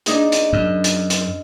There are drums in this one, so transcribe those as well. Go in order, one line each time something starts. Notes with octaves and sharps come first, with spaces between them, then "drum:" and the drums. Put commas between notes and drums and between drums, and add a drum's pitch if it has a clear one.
D4 D#4 G#4, drum: hi-hat
drum: hi-hat
F#2
drum: hi-hat
drum: hi-hat